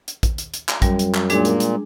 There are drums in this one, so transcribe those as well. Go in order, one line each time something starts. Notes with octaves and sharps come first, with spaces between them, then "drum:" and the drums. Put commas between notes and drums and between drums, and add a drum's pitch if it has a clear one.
drum: hi-hat
drum: kick, hi-hat
drum: hi-hat
drum: hi-hat
drum: clap
F#2 G3, drum: kick, hi-hat
drum: hi-hat
drum: clap
A#2 G#3 D4 G#4, drum: hi-hat
drum: hi-hat
drum: hi-hat